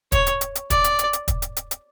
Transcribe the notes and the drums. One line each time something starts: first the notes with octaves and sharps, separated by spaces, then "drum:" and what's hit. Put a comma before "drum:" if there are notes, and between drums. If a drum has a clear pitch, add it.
C#5, drum: kick, hi-hat
drum: hi-hat
drum: hi-hat
drum: hi-hat
D5, drum: kick, hi-hat
drum: hi-hat
drum: hi-hat
drum: hi-hat
drum: kick, hi-hat
drum: hi-hat
drum: hi-hat
drum: hi-hat